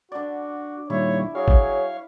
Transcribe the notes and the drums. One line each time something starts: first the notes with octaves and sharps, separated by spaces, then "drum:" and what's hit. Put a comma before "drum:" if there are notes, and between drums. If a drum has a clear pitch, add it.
D3 F#4 D5
A#2 D#3 G3 E4 C#5
F#3 G#4 C#5 F5
drum: kick